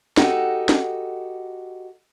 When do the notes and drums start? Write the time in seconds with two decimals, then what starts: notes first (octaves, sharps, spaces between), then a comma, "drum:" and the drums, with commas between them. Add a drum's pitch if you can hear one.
0.17 D#4 F#4 G4 A4, drum: snare
0.69 drum: snare